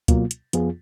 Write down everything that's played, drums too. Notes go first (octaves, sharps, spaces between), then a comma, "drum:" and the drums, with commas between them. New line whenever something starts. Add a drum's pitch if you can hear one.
B2 F#3 A#3 F4, drum: kick, hi-hat
drum: hi-hat
F2 F3 B3 F4 G#4, drum: hi-hat